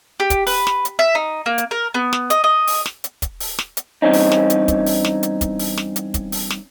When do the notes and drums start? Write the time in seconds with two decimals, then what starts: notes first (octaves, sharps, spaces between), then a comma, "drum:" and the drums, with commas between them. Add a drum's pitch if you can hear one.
0.20 G4
0.30 drum: kick, hi-hat
0.47 B4, drum: open hi-hat
0.67 drum: snare
0.85 drum: hi-hat
0.99 E5
1.15 D#4
1.46 A#3
1.58 drum: hi-hat
1.71 A#4
1.94 B3
2.13 drum: snare
2.30 D#5, drum: hi-hat
2.44 D#5
2.67 drum: open hi-hat
2.86 drum: snare
3.04 drum: hi-hat
3.22 drum: kick, hi-hat
3.40 drum: open hi-hat
3.59 drum: snare
3.77 drum: hi-hat
4.02 E2 G2 C4 C#4 D#4
4.13 drum: open hi-hat
4.32 drum: snare
4.50 drum: hi-hat
4.68 drum: kick, hi-hat
4.86 drum: open hi-hat
5.05 drum: snare
5.23 drum: hi-hat
5.41 drum: kick, hi-hat
5.59 drum: open hi-hat
5.77 drum: snare
5.96 drum: hi-hat
6.14 drum: kick, hi-hat
6.32 drum: open hi-hat
6.50 drum: snare